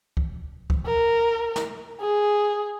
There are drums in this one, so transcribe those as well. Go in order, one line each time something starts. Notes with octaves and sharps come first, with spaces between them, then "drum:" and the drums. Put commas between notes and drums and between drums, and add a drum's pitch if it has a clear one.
drum: kick C#2
drum: kick C#2
A#4
drum: snare
G#4